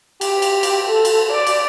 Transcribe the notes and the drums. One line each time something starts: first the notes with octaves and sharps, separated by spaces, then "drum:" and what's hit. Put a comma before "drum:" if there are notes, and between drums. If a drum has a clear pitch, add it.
G4, drum: cymbal
drum: cymbal
drum: cymbal
A4
drum: cymbal
D5
drum: cymbal